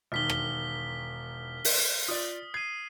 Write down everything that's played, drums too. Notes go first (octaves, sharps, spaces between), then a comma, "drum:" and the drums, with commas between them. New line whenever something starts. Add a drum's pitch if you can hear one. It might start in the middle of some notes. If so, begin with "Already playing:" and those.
E1 D#3 F6 B6 G7
drum: rim click
drum: open hi-hat
F4 D5 D#6
G#6 C7 D#7